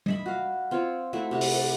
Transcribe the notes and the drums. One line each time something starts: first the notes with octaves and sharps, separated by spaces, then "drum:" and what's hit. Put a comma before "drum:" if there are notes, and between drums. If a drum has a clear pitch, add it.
D#5 E5 B5, drum: tom
F#4 F5
C4 F4 C#5
A3 C4 E4 F#4
C3 F#4 A4 C#6
drum: open hi-hat